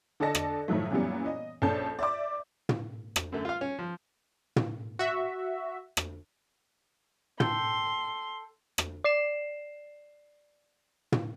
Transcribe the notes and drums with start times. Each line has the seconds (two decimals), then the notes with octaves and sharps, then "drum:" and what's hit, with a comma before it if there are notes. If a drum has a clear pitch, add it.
0.20 D3 A4 D5 D#5 A5 A#6
0.35 drum: rim click
0.68 A2 D#3 F3 F#3 A3
0.91 F#2 A#2 E3 F#3 G3 B3
1.26 D#5
1.62 A#1 C#4 D4 A4 A5 G6
1.99 D5 E5 D6
2.69 drum: tom
3.16 drum: rim click
3.32 F#2 D3 A3
3.45 F4 F5
3.61 C#4
3.79 F3
4.56 drum: tom
4.99 F#4 E5
5.97 drum: rim click
7.40 A4 G5 C6, drum: tom
8.78 drum: rim click
9.04 D5 C7 E7
11.12 drum: tom